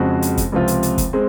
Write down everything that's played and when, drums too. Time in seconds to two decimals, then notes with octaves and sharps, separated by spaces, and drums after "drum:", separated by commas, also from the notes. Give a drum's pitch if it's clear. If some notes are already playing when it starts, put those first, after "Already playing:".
Already playing: F2 C#3 G#3 C4 F#4
0.22 drum: hi-hat
0.37 drum: kick, hi-hat
0.52 C#2 C3 F3 C4 F4
0.68 drum: hi-hat
0.83 drum: hi-hat
0.98 drum: kick, hi-hat
1.13 G#3 C4